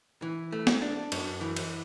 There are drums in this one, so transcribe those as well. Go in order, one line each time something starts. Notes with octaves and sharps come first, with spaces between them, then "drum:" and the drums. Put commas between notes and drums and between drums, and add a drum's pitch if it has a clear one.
E3
A3
drum: snare
D4
F#2, drum: cymbal
E3
drum: cymbal